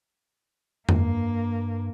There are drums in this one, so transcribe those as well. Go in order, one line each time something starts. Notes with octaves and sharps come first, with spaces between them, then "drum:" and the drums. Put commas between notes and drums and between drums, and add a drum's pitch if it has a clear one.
G2 A#3, drum: tom F2